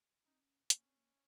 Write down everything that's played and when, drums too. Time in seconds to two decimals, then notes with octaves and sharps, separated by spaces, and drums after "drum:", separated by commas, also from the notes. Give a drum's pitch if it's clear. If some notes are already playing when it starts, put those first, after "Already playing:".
0.25 C#4 D#4
0.33 C4
0.40 C#4
0.70 A#3 C#4, drum: hi-hat
0.85 C4
0.97 A#3